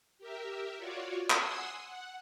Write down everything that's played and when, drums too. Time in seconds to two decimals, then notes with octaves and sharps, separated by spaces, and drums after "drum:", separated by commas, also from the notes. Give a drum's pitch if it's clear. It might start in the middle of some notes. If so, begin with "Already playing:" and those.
0.18 G4 A#4 E5
0.77 F4 F#4 C#5 D5
1.30 F#5 G#5 C6 D#6 E6, drum: clap
1.83 F#5